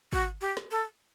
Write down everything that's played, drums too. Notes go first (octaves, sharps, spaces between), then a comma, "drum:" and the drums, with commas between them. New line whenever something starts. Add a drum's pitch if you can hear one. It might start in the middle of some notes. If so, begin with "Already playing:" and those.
F#4, drum: kick
G4
drum: snare
A4